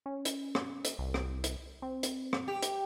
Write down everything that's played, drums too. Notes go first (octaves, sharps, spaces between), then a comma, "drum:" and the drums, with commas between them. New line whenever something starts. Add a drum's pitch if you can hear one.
C#4
drum: hi-hat
drum: rim click
drum: hi-hat
C2
drum: rim click
drum: hi-hat
C4
drum: hi-hat
drum: rim click
G4
drum: hi-hat